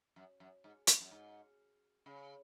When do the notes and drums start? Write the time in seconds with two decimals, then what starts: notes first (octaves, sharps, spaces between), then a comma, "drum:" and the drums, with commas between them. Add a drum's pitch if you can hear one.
0.16 F#2
0.40 F#2
0.64 G#2
0.87 drum: hi-hat
1.01 F#2
1.11 G#2
2.06 C#3